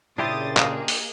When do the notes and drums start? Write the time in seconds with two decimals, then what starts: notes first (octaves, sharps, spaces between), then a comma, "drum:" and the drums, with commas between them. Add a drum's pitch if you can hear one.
0.18 A#2 C#3 D4 E4 G4 C5 D#6 A6
0.57 A#3 G#4 D#5 F5, drum: clap
0.88 drum: open hi-hat